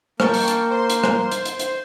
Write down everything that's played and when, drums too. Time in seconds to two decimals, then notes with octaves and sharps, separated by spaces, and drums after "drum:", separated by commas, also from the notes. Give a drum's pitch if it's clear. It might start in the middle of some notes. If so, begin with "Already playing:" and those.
0.20 A#3 G5 A5 C#6, drum: rim click
0.34 drum: open hi-hat
0.48 drum: hi-hat
0.70 C5 C6
0.90 drum: hi-hat
1.04 drum: rim click
1.31 drum: hi-hat
1.45 drum: hi-hat
1.59 drum: hi-hat